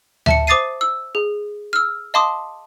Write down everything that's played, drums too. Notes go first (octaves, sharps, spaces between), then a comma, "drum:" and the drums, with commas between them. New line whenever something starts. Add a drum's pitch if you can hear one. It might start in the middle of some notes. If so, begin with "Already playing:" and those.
E5 A5 C#7, drum: tom D2
C5 D6 D#6 A6 C7 D#7
E6
G#4
E6 F6
D#5 F5 A5 C6 D6 D#6